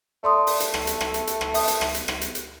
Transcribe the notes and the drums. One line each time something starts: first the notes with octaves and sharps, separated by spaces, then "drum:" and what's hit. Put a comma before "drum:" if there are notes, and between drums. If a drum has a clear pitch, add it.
A3 D5 C6 D#6
drum: open hi-hat
drum: hi-hat
drum: rim click
drum: hi-hat
drum: rim click
drum: hi-hat
drum: hi-hat
drum: rim click
E5 A5 D#6, drum: open hi-hat
drum: hi-hat
drum: rim click
drum: hi-hat
drum: rim click
drum: hi-hat
drum: hi-hat